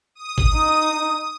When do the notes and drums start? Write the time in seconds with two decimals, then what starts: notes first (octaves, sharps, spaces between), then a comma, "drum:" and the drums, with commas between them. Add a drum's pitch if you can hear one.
0.15 D#6
0.38 drum: kick
0.55 D#4